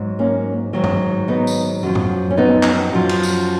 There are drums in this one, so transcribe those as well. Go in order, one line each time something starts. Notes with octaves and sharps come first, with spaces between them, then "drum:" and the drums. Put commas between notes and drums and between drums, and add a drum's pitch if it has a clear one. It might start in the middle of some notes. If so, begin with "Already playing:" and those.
Already playing: G#2 F#3
A#3 C#4
G#2 D#3 F#3
drum: tom G2
B3 D#4
drum: tambourine
F#2 F3
drum: tom
C#4
B3 D#4
drum: clap
F#2 F3
drum: cymbal
drum: tambourine